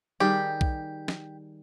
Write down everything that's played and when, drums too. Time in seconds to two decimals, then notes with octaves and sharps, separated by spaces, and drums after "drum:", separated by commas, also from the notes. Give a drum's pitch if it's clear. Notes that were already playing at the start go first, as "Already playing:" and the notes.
0.20 D#3 G3 G4 G#4
0.61 drum: kick B1
1.08 drum: snare